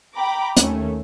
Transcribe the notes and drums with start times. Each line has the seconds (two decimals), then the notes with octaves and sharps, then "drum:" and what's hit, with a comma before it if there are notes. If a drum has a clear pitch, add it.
0.16 G5 A#5 B5 D6
0.57 D#2 D#3 A3 C#4, drum: hi-hat